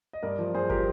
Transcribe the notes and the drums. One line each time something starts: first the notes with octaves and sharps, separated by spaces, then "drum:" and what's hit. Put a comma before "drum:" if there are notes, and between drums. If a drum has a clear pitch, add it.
D#5
G2 A#4 D5
F3
G2 G#4 C5
F3 G4 A#4, drum: kick